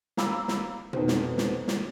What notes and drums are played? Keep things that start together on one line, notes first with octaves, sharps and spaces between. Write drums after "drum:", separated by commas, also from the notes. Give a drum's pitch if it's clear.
F5 A#5 B5 D6 E6, drum: snare
drum: snare
F1 B2 D#3 C5, drum: tom A#2
drum: snare
drum: snare
drum: snare